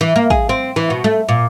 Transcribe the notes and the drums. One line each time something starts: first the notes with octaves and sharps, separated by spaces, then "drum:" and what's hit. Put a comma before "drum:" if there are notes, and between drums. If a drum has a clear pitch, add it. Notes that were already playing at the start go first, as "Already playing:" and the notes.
E3
A#3
G#4, drum: kick
C4
E3
B2
A3
A#2